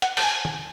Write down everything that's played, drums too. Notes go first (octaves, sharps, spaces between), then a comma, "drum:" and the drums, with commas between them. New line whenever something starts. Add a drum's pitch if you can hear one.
F#5, drum: hi-hat
A5, drum: open hi-hat
G#5
drum: tom